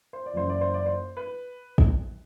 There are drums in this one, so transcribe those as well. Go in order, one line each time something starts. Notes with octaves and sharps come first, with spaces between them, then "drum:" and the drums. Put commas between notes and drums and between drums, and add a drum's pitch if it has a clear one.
C5
D5
F#1 F#2 E3 C5
D5
C5
D5
C5
B4
drum: kick